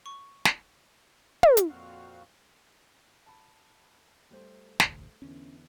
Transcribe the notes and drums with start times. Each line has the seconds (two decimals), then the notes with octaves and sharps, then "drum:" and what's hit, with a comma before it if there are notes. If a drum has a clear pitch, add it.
0.06 C#6
0.45 drum: snare
1.43 drum: tom
1.57 drum: hi-hat
1.69 F2 A#2 C4 F#4 F5
3.26 A5 B5
4.31 G3 A3 C5
4.80 E1 A1 D2, drum: snare
5.22 E2 D3 E3 C#4